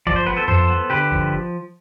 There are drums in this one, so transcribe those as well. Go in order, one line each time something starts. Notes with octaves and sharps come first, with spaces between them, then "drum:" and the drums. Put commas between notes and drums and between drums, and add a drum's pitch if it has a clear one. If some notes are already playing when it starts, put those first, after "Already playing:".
F3 D5, drum: kick G1
C5
B3 B4
A4 C5
F3 A4 C5, drum: tom F2
B3
D3 G4 B4
F3, drum: kick G1